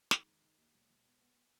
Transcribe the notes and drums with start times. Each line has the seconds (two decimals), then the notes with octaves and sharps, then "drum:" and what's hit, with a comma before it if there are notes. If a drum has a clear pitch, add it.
0.11 G#3 D#4, drum: snare
0.27 D#3
0.42 D#3
0.58 D#2
0.74 E1
0.90 E1
1.05 B3
1.20 B3
1.36 B3